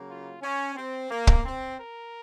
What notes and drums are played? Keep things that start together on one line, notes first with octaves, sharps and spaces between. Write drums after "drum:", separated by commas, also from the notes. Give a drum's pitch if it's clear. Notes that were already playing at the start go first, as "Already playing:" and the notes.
Already playing: C#3 F#3 A#3
F4
C#4
C4
A#3
drum: kick
C4
A#4